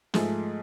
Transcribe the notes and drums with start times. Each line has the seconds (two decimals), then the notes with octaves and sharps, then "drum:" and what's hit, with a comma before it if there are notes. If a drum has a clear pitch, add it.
0.14 G#2 F3 A3 G#4, drum: snare